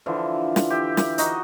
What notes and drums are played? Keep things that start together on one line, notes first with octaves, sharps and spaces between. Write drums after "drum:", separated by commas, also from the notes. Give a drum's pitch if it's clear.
D3 E3 F3
drum: snare
G4 E5
drum: snare
D#4 F#4 D#5, drum: hi-hat